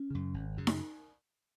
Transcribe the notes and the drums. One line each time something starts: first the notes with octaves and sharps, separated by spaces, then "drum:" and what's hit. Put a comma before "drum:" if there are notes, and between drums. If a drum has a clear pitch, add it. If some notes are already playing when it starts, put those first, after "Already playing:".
Already playing: C#4
F#2 C#3
G#1
F#2 C#3
drum: snare D#4